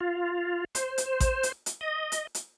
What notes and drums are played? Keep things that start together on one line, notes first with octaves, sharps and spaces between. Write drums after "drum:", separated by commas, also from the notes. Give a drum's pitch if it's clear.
F4
C5, drum: hi-hat
drum: hi-hat
drum: kick A1, hi-hat
drum: hi-hat
drum: hi-hat
D#5
drum: hi-hat
drum: hi-hat